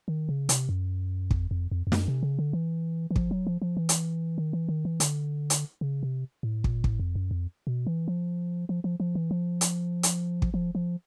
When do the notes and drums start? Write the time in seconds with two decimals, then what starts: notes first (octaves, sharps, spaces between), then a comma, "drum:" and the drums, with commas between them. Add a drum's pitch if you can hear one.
0.08 D#3
0.29 C#3
0.49 C3, drum: hi-hat
0.69 F#2
1.31 F2, drum: kick
1.51 F2
1.71 F2
1.87 F2
1.92 F#2, drum: snare
2.08 C3
2.23 C#3
2.39 D3
2.53 E3
3.11 E3
3.16 F3, drum: kick
3.31 F#3
3.47 F3
3.62 F3
3.77 E3
3.89 drum: hi-hat
4.38 D#3
4.53 E3
4.69 D#3
4.85 E3
5.00 D3, drum: hi-hat
5.50 drum: hi-hat
5.81 C#3
6.03 C3
6.43 A2
6.64 A#2, drum: kick
6.84 A2, drum: kick
7.00 F2
7.15 F#2
7.31 F2
7.67 B2
7.87 E3
8.08 F3
8.69 F3
8.84 F3
9.00 F3
9.15 E3
9.31 F3
9.61 drum: hi-hat
10.03 drum: hi-hat
10.42 drum: kick
10.54 F3
10.75 F3